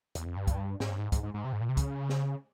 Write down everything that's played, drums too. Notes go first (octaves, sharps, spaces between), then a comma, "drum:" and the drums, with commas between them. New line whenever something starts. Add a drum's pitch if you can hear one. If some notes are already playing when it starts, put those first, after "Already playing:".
E2, drum: hi-hat
F2
G2
drum: kick, hi-hat
G#2, drum: snare
G2
G#2
G#2, drum: kick, hi-hat
G#2
G#2
C3
G#2
A#2
C3
C#3, drum: kick, hi-hat
drum: snare